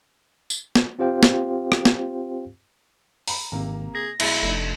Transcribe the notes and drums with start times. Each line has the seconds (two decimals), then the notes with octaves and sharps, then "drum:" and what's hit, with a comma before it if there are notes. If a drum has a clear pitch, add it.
0.50 drum: tambourine
0.75 drum: snare
0.99 C4 F4 G4 C5 F5 G5
1.23 drum: snare
1.72 drum: rim click
1.85 drum: snare
3.28 A#5 B5, drum: open hi-hat
3.52 G#1 C3 A#3 A#5
3.95 G#4 A#6
4.20 B1 G#3 E4, drum: cymbal
4.43 F1 A3 D4 D#4